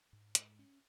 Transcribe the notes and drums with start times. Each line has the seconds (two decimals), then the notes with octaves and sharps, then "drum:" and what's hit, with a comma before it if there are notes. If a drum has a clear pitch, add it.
0.13 G#2
0.35 G#2, drum: hi-hat
0.59 C#4